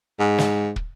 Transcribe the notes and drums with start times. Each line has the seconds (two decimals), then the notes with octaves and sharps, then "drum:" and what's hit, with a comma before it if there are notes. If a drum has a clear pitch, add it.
0.20 G#2
0.38 drum: snare
0.76 drum: kick